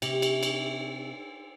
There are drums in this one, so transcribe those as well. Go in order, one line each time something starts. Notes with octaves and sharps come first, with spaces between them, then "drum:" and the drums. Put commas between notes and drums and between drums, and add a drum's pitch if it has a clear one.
C3 G4, drum: cymbal
drum: cymbal
drum: cymbal